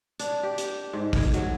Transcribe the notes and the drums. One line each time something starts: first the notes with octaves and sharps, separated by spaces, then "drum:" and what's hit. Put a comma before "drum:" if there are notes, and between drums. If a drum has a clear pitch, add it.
D4, drum: hi-hat
G4
drum: hi-hat
G#2
C#5, drum: kick, open hi-hat
F#3, drum: hi-hat